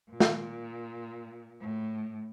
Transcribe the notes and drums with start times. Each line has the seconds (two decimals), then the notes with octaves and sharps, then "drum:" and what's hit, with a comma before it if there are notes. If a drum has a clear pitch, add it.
0.10 A#2
0.20 drum: snare
1.61 A2